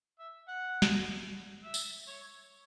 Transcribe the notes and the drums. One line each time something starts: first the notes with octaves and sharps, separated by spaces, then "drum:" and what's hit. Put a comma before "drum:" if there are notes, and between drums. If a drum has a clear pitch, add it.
E5
F#5
drum: snare
E5
drum: tambourine
C#5